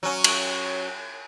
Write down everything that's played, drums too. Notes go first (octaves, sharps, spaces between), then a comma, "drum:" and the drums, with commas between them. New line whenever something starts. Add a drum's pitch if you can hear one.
F#3 C#4
drum: cymbal